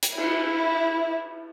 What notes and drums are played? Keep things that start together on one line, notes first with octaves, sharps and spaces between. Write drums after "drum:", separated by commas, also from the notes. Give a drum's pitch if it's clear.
drum: hi-hat
E4, drum: cymbal